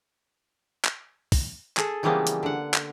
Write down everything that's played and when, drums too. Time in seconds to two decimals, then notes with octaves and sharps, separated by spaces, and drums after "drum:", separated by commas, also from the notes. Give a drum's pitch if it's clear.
0.85 drum: clap
1.32 drum: kick, open hi-hat
1.77 G#4 A4, drum: clap
2.03 C#3 E3 F3 G3 A#3 B3
2.27 drum: hi-hat
2.43 D3 F#5
2.74 drum: clap